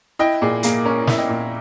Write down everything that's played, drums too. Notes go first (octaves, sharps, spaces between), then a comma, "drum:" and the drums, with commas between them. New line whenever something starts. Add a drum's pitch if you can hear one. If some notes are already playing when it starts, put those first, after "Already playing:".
E4 D#5 G5
A#2 G#4
A#3 G#4, drum: hi-hat
C#4 A#4
E4 E5, drum: snare
D#5 G5
A#2